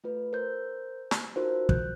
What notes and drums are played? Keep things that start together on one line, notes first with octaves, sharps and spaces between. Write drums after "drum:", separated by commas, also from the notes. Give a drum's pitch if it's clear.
A3 F4 B4
A#4 C5 G6
drum: snare
D#4 F4 F#4 A#4 C5
F#6 G6, drum: kick